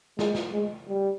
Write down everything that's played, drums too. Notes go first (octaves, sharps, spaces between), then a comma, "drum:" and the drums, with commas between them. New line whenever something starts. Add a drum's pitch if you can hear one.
G#3, drum: snare
drum: snare
G#3
G3